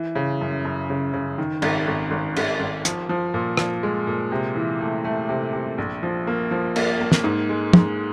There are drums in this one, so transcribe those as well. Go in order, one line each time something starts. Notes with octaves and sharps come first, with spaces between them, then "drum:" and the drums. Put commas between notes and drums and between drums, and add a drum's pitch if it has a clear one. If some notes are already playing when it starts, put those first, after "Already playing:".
Already playing: E3
C#3
F#2
F#2
C#3
C#3
D#3
G#1, drum: cymbal
G#1
G#1
G#1, drum: cymbal
G#1
F3, drum: hi-hat
F3
A#2
F3, drum: rim click
G#3
A#2
C3
E3
A3
A3
C3
C3
A#1
F3
A#3
F3
A#3, drum: cymbal
A#3
drum: snare
G#2
G#3
G#2, drum: tom